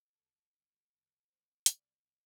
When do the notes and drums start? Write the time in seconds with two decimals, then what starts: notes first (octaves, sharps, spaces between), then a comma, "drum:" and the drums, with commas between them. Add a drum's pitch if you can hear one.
0.12 C2 C3 F3 A4
0.50 D2 D3 G3 G4
0.89 C2 C3 F3 A4
1.28 C2 C3 G3 C5
1.66 C2 C3 G3 D5, drum: hi-hat